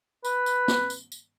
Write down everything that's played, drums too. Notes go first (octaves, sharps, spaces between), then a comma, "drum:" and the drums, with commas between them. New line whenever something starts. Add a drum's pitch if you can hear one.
B4, drum: tambourine
drum: tambourine
drum: snare
drum: tambourine
drum: tambourine